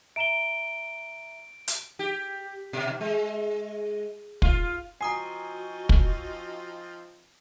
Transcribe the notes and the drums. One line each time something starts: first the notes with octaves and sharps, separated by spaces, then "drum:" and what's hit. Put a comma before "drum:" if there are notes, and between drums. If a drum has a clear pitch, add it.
E5 A#5 D7 E7 G7
drum: hi-hat
G4
B2
G#3
F4, drum: kick
F3 C4 D#4 F#4 G#5 A#5 D#6 C7
drum: kick